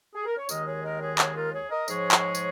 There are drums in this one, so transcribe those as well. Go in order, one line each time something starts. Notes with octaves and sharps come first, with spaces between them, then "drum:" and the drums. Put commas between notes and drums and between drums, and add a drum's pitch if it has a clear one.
G#4
A#4
C#5
D#2 D#3 G#3 A#4 D#5, drum: tambourine
G#4 C#5
A#4 D#5
G#4 C#5
G#4 C#5, drum: clap
F4 A#4
G#4 C#5
A#4 D#5
G#2 F3 G#3 G#4 C#5, drum: tambourine
drum: clap
drum: tambourine